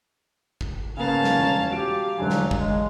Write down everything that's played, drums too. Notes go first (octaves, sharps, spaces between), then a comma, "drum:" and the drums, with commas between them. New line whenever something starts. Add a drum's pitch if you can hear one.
drum: kick
C#3 A#3 B3 C#4 F5 A5
drum: snare
E1 F3 A#5
F#4 G4 F5 D7
E1 D3 F#3 G#5
drum: snare
G#3, drum: kick